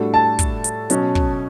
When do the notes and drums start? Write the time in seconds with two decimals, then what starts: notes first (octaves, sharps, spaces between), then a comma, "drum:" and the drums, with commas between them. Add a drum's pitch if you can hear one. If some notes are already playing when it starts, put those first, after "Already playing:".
Already playing: A2 G3 D4 F#4 A4
0.14 A5
0.39 drum: kick, hi-hat
0.64 drum: hi-hat
0.90 B2 F#3 C#4, drum: hi-hat
1.15 drum: kick